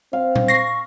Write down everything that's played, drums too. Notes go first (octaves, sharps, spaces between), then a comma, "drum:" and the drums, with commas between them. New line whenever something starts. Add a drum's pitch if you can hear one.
C4 F5
drum: tom A#2
C#6 A#6 C7